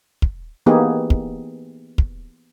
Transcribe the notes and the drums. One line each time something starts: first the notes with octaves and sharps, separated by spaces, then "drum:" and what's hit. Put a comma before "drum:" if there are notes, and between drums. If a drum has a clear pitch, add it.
drum: kick
E3 A#3 B3 D#4 G4 G#4
drum: kick
drum: kick